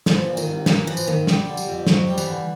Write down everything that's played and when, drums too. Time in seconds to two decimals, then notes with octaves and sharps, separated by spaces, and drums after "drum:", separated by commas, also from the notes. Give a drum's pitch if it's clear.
0.06 E3 F3, drum: snare
0.27 A#2
0.37 D#3, drum: tambourine
0.47 C2
0.66 E3 A#3, drum: snare
0.87 E3 F3
0.97 drum: tambourine
1.07 A#2 D#3
1.27 G3, drum: snare
1.47 D3
1.57 G3, drum: tambourine
1.67 F2
1.87 F2 F#3, drum: snare
2.07 G3
2.18 E3, drum: tambourine
2.28 D3